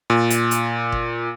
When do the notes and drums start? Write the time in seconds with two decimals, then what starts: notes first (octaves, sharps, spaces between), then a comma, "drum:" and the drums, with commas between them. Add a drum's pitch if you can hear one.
0.10 A#2
0.30 drum: hi-hat
0.51 drum: hi-hat
0.92 drum: kick F#1